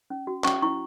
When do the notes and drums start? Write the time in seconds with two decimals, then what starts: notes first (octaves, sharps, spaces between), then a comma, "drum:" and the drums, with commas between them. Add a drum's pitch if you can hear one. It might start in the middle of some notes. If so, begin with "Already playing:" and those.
0.10 C#4
0.27 F#4
0.44 C#4 C#6, drum: clap
0.62 E4 C#6